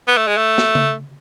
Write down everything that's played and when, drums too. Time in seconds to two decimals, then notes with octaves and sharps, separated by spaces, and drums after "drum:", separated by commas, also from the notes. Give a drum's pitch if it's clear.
0.07 B3
0.17 A3
0.27 G#3
0.37 A3
0.58 drum: snare
0.75 drum: tom C#3